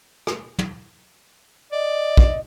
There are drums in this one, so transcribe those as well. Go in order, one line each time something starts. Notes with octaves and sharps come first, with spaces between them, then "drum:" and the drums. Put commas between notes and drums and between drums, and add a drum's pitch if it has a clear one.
drum: rim click
drum: tom
D5 D#5
drum: kick